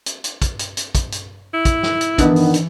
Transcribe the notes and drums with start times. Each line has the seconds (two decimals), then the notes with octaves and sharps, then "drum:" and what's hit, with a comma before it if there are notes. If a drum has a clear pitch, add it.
0.06 drum: hi-hat
0.24 drum: hi-hat
0.42 drum: kick, hi-hat
0.59 drum: hi-hat
0.77 drum: hi-hat
0.95 drum: kick, hi-hat
1.12 drum: hi-hat
1.54 E4
1.65 drum: kick, hi-hat
1.83 drum: snare
2.01 drum: hi-hat
2.18 D#3 E3 B3 D4 D#4, drum: kick, hi-hat
2.36 drum: open hi-hat
2.54 drum: hi-hat